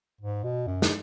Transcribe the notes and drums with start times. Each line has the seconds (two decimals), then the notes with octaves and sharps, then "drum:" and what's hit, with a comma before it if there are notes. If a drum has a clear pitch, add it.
0.21 G#2
0.44 B2
0.67 F#2
0.82 drum: snare